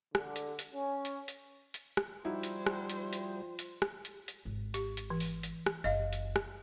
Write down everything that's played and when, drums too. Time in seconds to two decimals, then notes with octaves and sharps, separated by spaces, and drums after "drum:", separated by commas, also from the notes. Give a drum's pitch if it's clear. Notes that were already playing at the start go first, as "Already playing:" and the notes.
0.15 D3, drum: rim click
0.36 drum: hi-hat
0.59 drum: hi-hat
0.74 C#4
1.05 drum: hi-hat
1.28 drum: hi-hat
1.74 drum: hi-hat
1.97 drum: rim click
2.25 F3 G3 D#4 E4 F#4 C5
2.43 drum: hi-hat
2.66 drum: rim click
2.90 drum: hi-hat
3.13 drum: hi-hat
3.59 drum: hi-hat
3.82 drum: rim click
4.05 drum: hi-hat
4.28 drum: hi-hat
4.45 G#1
4.74 G4, drum: hi-hat
4.97 drum: hi-hat
5.10 E3
5.20 drum: open hi-hat
5.43 drum: hi-hat
5.66 drum: rim click
5.84 F#1 D#5 F5
6.13 drum: hi-hat
6.36 drum: rim click